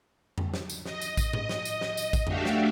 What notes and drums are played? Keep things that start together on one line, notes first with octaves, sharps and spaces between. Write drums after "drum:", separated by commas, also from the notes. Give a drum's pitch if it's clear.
drum: tom F2
drum: snare
drum: tambourine
D#5, drum: snare
drum: tambourine
drum: kick A1, tambourine
drum: tom A2
drum: snare
drum: tambourine
drum: snare
drum: tambourine
drum: kick A1, tambourine
A3 D4 F#4 G4 E5 F5, drum: tom F2
drum: snare